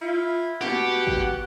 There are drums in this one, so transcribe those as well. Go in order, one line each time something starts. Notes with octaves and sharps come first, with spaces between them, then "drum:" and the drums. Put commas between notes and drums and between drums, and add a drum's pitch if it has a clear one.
E4 F4
B2 G4 F#5, drum: snare
drum: kick